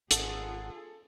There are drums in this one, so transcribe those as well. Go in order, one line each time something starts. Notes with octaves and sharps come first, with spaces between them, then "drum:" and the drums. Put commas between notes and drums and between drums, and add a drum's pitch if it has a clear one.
G#1 F4 G#4 A4 F#5, drum: hi-hat